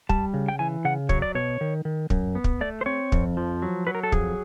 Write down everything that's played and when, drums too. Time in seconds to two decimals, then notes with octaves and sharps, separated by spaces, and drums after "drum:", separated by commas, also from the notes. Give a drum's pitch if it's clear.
0.09 G3 A5, drum: kick
0.34 C#3
0.49 G5
0.59 E3 G#5
0.85 C#3 F#5
1.09 F#3 C#5, drum: kick
1.22 D5
1.35 B2 C#5
1.61 D#3
1.85 D#3
2.10 F#2, drum: kick
2.35 B3
2.44 drum: kick
2.61 A3 D5
2.81 C5
2.86 C4 C#5
3.12 F2, drum: kick
3.37 F3
3.62 F#3
3.87 F#3 B4
3.95 A#4
4.03 A4
4.12 F2 G#4, drum: kick